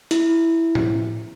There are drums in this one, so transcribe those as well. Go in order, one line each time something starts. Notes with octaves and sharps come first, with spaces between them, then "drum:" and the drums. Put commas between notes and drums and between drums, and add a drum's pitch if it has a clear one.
E4, drum: hi-hat
drum: tom A2